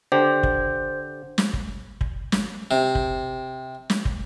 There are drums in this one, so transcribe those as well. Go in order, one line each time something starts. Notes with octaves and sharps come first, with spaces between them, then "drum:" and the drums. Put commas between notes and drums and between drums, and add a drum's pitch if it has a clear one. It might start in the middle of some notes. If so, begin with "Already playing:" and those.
D3 G4 C5
drum: kick
drum: snare
drum: kick
drum: kick
drum: snare
C3
drum: kick
drum: snare
drum: kick